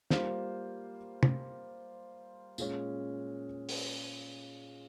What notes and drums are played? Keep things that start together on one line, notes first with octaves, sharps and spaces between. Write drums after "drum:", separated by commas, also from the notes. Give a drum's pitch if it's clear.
G3 A#3 F4 C5, drum: snare
drum: tom
A#2 G#3 C#4, drum: tambourine
drum: open hi-hat